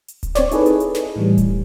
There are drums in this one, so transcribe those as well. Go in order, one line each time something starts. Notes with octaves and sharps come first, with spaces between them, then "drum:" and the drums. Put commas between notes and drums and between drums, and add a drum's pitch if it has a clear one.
drum: hi-hat
drum: kick D1, hi-hat
C4 C#5 D5, drum: snare
D#4 E4 G#4 A4 B4 C#5, drum: hi-hat
drum: hi-hat
drum: hi-hat
drum: snare
A2 E3 G3
drum: kick D1, hi-hat